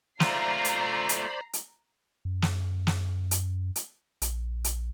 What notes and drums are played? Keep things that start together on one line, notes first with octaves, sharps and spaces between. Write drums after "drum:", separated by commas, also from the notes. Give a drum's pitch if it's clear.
A3 F4 C5 D5 A#5 B5 C7, drum: snare
drum: hi-hat
drum: hi-hat
drum: hi-hat
F#2
drum: snare
drum: snare
drum: hi-hat
drum: hi-hat
A#1, drum: hi-hat
drum: hi-hat